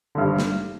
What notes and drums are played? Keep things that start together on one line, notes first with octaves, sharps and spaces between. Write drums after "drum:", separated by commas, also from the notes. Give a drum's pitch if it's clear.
G#1 G2 D3
drum: snare